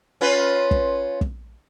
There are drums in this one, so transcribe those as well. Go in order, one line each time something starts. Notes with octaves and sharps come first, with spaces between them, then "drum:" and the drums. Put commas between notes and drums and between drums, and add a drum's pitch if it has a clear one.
C#4 F4 B4
drum: kick
drum: kick